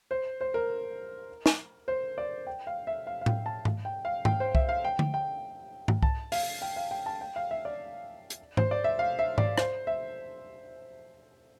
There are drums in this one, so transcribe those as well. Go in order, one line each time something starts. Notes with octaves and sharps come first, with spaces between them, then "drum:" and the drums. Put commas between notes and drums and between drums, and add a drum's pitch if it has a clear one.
C5
C5
A#4
drum: snare
C5
D5
G5
F5
E5
F5
F5
G5, drum: tom A2
A5
drum: tom G#2
G5
F5
G5, drum: tom G#2
C5
E5, drum: kick C2
F5
G5
drum: tom D3
G5
drum: tom G#2
A5, drum: kick C2
F5, drum: open hi-hat
G5
F5
G5
A5
G5
F5
E5
D5
drum: hi-hat
C5, drum: tom G#2
D5
E5
F5
E5
D5, drum: tom G#2
C5, drum: rim click
E5